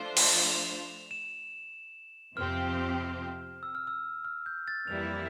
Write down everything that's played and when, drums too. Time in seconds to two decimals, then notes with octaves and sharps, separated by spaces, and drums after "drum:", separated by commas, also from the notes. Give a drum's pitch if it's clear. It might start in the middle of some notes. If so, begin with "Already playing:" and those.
Already playing: F3 A3 D4 F4 C5
0.17 E7, drum: open hi-hat
0.48 F7
1.11 E7
2.36 F2 C3 F3 C4 G4 F6
3.63 E6
3.75 F6
3.87 E6
4.25 F6
4.46 G6
4.68 A6
4.88 F2 E3 G3 A#3 E4 F7